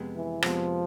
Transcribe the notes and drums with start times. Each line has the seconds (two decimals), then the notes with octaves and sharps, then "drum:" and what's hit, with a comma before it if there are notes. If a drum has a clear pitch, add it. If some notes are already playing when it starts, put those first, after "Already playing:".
Already playing: F2 C3 G#3 B3
0.16 E3
0.42 F2 C3 F3 G#3 B3, drum: rim click